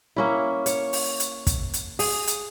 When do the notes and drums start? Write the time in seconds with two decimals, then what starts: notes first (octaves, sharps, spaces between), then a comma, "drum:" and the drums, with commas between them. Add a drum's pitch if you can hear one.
0.16 A#3 C#4 E4
0.66 C#5, drum: hi-hat
0.93 drum: open hi-hat
1.20 drum: hi-hat
1.47 drum: kick, hi-hat
1.74 drum: hi-hat
1.99 G#4, drum: open hi-hat
2.27 drum: hi-hat